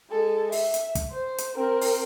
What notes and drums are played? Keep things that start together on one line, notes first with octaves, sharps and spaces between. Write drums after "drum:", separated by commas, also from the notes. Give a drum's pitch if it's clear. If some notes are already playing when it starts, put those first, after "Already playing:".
G#3 A4
E5, drum: open hi-hat
drum: hi-hat
drum: kick, hi-hat
C5
drum: hi-hat
C4 A#4
drum: open hi-hat